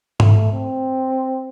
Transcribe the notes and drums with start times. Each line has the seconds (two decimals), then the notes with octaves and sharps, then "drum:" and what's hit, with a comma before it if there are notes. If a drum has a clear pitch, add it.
0.20 A3, drum: tom G#2
0.53 C4